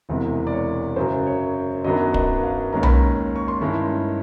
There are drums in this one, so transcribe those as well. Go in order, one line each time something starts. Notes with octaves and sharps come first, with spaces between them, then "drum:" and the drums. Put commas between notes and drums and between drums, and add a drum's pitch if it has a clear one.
E1 E2 C3 E3 G#3
D5
C#5
F#2 C#3 F#3 C5
C#5
F#2 D#3 F#3 B3 D4 D#5
D#5, drum: kick
F5
D#2 D#3 G#3 C#4 A#5
B5, drum: tom B1
A#5
C#6
C6
G2 D#3 G#3 C#4 E4 B5